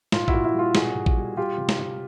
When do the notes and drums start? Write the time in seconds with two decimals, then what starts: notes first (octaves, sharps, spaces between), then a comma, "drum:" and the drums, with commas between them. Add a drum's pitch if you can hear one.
0.12 A#2 F4, drum: snare
0.28 E4 F#4, drum: kick A1
0.34 A#2
0.45 E4
0.54 G3
0.59 F4
0.75 B2 F#4 G#4, drum: snare
0.95 B2
1.06 drum: kick A1
1.17 G3
1.37 G3 F4 G4
1.58 C3
1.69 drum: snare
1.79 C3